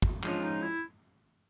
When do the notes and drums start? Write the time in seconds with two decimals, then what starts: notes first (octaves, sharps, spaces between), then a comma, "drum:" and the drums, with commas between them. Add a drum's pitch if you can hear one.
0.02 drum: kick
0.24 F3 G#3 C#4 D4 F4, drum: clap
0.42 D#4
0.62 E4